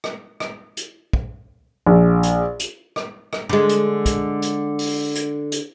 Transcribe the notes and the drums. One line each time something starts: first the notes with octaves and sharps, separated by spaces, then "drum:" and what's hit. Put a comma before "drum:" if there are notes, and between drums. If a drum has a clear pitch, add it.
drum: rim click
drum: rim click
drum: hi-hat
drum: kick
A#1
drum: hi-hat
drum: hi-hat
drum: rim click
drum: rim click
D3 G#3
drum: hi-hat
drum: kick, hi-hat
drum: hi-hat
drum: open hi-hat
drum: hi-hat
drum: hi-hat